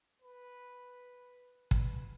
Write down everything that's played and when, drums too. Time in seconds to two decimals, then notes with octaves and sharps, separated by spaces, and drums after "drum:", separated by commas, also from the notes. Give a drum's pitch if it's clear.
0.22 B4
1.71 B4, drum: kick